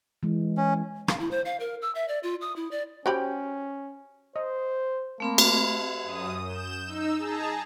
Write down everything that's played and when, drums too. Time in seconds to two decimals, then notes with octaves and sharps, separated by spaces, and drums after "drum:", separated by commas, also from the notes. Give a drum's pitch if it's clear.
0.23 E3 G#3
0.57 C#4
1.08 F5, drum: rim click
1.20 E4
1.31 C5
1.45 F5
1.60 A#4
1.82 E6
1.95 E5
2.08 D5
2.23 F4
2.41 D#6
2.56 E4
2.71 D5
3.06 C#4 F#4 G4 C5 G5 B5
4.36 C5 D#5
5.20 A3 A#3 C4 B5
5.38 drum: cymbal
6.04 F#2 D#6
6.43 G6 E7
6.87 D#4 E6
7.18 G#4 A5 A#5